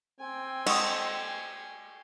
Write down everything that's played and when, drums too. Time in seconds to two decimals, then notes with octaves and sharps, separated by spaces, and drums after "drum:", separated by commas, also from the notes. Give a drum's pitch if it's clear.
0.20 C4 G5 G#5
0.66 G#3 A4 F#5 C#6 D#6, drum: cymbal